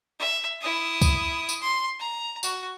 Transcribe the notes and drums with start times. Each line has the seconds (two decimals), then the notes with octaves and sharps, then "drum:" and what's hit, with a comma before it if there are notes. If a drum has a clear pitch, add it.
0.19 E5
0.61 E4 D#6
1.02 drum: kick C2, tambourine
1.49 drum: tambourine
1.61 C6
2.00 A#5
2.43 F#4, drum: tambourine